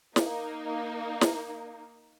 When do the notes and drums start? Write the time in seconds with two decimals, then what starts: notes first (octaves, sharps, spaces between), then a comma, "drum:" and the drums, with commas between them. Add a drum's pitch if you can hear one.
0.16 A#3 D#4, drum: snare
1.21 drum: snare